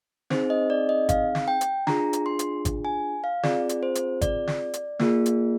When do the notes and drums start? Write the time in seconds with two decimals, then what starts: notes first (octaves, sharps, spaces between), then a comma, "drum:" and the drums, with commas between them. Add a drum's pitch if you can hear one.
0.30 C4 D#4 G#4 C5, drum: snare
0.50 D#5
0.70 D5
0.89 D#5
1.09 F5, drum: kick, hi-hat
1.35 drum: snare
1.48 G5
1.61 drum: hi-hat
1.87 D4 F4 G#4 A#5, drum: snare
2.13 drum: hi-hat
2.26 C6
2.39 drum: hi-hat
2.65 drum: kick, hi-hat
2.85 G#5
3.24 F5
3.43 C4 F4 G#4 D5, drum: snare
3.69 drum: hi-hat
3.83 C5
3.95 drum: hi-hat
4.21 D5, drum: kick, hi-hat
4.47 drum: snare
4.74 drum: hi-hat
4.99 A#3 F4 G#4, drum: snare
5.26 drum: hi-hat